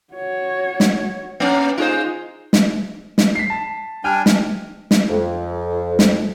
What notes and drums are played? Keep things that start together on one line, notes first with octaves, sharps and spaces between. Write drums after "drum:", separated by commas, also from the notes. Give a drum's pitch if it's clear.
F#4 C#5
drum: snare
A#3 C#4
D#4 F4 G#4 C5
drum: snare
drum: snare
B6 C7
A5
G3 D4 G5 G#5 F6
drum: snare
drum: snare
F2
drum: snare